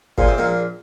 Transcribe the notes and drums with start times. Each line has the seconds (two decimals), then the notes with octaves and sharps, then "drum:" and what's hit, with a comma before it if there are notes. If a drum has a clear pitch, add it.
0.18 A#2 F4 G#4 C5 G#5 C6, drum: kick G1
0.28 C3
0.38 A#1 A#2